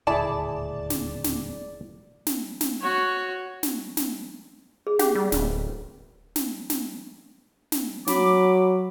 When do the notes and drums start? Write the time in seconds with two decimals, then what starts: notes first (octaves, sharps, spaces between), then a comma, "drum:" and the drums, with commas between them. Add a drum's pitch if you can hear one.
0.07 D#1 D2 A2 E4 G#4 D5 A5
0.90 drum: snare
1.24 drum: snare
2.27 drum: snare
2.61 drum: snare
2.80 F#4 C#5
3.63 drum: snare
3.97 drum: snare
4.87 G#4
4.99 G4 F#5, drum: snare
5.15 G3
5.32 D1, drum: snare
6.36 drum: snare
6.70 drum: snare
7.72 drum: snare
8.07 F#3 B5 D6, drum: snare